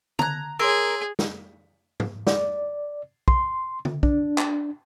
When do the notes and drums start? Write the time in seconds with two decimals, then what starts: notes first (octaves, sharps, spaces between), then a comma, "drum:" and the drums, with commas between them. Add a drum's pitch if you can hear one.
0.19 A5 A#5 F#6 G#6, drum: tom D3
0.60 G#4 A#4 C#5 C6 E6
1.19 drum: snare
2.00 drum: tom G#2
2.27 D5, drum: snare
3.28 C6, drum: kick
3.85 drum: tom D3
4.03 D4, drum: kick
4.38 drum: clap